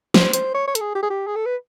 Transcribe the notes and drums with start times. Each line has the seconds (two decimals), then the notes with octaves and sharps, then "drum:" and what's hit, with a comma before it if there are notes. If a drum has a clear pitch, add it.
0.14 C5, drum: snare
0.33 C5, drum: hi-hat
0.54 C#5
0.67 C#5
0.75 A4, drum: hi-hat
0.81 G#4
0.95 G4
1.02 G#4
1.10 G4
1.27 G#4
1.35 A4
1.45 B4